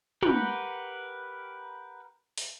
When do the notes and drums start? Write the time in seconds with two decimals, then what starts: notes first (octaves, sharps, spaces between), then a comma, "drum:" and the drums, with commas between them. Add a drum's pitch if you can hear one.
0.23 G4 A#4 B4 F#5 G5, drum: tom
2.38 drum: open hi-hat